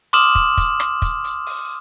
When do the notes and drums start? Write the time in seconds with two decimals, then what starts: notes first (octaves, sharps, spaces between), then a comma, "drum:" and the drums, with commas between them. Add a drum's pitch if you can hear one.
0.13 C6 D6 D#6 F6 E7 F#7, drum: open hi-hat
0.35 drum: kick
0.57 drum: kick, hi-hat
0.80 drum: rim click
1.02 drum: kick, hi-hat
1.24 drum: hi-hat
1.46 drum: open hi-hat